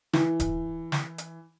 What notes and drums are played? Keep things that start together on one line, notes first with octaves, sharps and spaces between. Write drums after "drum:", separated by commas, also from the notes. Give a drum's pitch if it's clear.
E3, drum: snare
drum: kick, hi-hat
drum: snare
drum: hi-hat